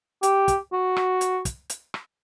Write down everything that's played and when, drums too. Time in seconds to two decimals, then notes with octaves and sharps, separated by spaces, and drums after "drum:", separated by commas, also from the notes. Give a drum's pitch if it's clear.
0.23 G4, drum: hi-hat
0.48 drum: kick, hi-hat
0.73 F#4
0.96 drum: rim click
1.21 drum: hi-hat
1.45 drum: kick, hi-hat
1.70 drum: hi-hat
1.94 drum: rim click